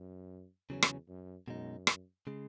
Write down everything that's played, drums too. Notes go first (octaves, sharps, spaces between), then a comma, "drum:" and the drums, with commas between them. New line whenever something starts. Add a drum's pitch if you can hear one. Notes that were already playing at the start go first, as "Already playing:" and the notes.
Already playing: F#2
E2 C#3 F#3 C#4
drum: rim click
F#2
F#2 B2 G#3 D#4
drum: rim click
C#3 G#3